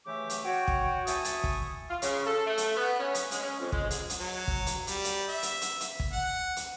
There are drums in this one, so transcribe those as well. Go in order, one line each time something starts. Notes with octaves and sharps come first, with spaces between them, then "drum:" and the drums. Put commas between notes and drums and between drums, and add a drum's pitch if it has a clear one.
C#3 E3 A3 G4 E5 D6
drum: hi-hat
F#4 C#5 G5
drum: kick
E4 E5 G#5 A5 C#6 D#6, drum: hi-hat
drum: hi-hat
drum: kick
F4
C#3, drum: hi-hat
A4
A3
drum: hi-hat
B3
C#4
drum: hi-hat
G#3, drum: hi-hat
C#4
F2
G#3, drum: kick
G#4, drum: hi-hat
drum: hi-hat
F#3
drum: kick
drum: hi-hat
G3, drum: hi-hat
drum: hi-hat
E5
drum: hi-hat
drum: hi-hat
drum: hi-hat
drum: kick
F#5
drum: hi-hat